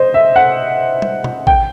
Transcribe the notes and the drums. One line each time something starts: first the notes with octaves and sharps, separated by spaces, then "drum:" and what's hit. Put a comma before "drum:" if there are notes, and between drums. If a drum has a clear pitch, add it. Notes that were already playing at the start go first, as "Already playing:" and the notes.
Already playing: C5 D#5
E5
F#5
drum: tom
drum: tom
G5, drum: kick